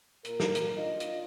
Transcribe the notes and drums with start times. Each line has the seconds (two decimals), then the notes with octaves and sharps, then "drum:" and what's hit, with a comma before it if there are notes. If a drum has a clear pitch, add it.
0.25 A#2 A#4, drum: hi-hat
0.40 drum: snare
0.55 drum: hi-hat
0.77 D4 D#4 F4 D#5
1.00 drum: hi-hat